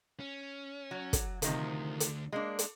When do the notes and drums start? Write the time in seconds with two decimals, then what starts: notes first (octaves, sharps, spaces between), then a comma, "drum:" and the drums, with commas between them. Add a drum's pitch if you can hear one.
0.20 C#4
0.91 F#3
1.13 drum: kick, hi-hat
1.42 D2 C3 D#3 F3, drum: hi-hat
2.00 drum: hi-hat
2.32 G#3 A#3 D4
2.59 drum: hi-hat